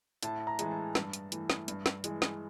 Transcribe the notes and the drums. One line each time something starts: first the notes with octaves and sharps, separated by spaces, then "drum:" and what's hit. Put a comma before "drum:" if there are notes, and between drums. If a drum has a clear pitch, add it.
A2 A5, drum: hi-hat
A#5
E3 G#3, drum: hi-hat
A5
G2, drum: snare
drum: hi-hat
E3 A3, drum: hi-hat
drum: snare
G2, drum: hi-hat
drum: snare
E3 G#3, drum: hi-hat
drum: snare